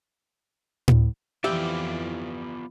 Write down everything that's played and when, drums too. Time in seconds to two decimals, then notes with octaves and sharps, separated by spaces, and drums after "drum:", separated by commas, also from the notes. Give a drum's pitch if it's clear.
0.88 drum: tom A2
1.44 F2 E3 B3 F4 G4 D5 E5